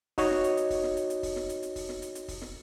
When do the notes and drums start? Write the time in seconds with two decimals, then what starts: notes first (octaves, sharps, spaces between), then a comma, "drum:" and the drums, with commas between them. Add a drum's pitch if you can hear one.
0.18 D#4 F#4 C#5 D#5, drum: kick, open hi-hat
0.31 drum: snare
0.44 drum: hi-hat
0.57 drum: hi-hat
0.70 drum: kick, open hi-hat
0.84 drum: snare
0.97 drum: hi-hat
1.10 drum: hi-hat
1.23 drum: kick, open hi-hat
1.36 drum: snare
1.49 drum: hi-hat
1.63 drum: hi-hat
1.76 drum: kick, open hi-hat
1.89 drum: snare
2.02 drum: hi-hat
2.15 drum: hi-hat
2.28 drum: kick, open hi-hat
2.42 drum: snare